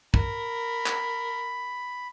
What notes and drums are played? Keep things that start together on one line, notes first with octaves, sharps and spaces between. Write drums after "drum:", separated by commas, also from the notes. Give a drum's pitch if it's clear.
A#4 B5, drum: kick
drum: clap